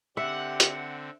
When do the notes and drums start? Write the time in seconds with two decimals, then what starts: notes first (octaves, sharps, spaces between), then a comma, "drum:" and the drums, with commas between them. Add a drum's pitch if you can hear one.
0.17 D3 C4 G4 E5 F#5
0.60 drum: hi-hat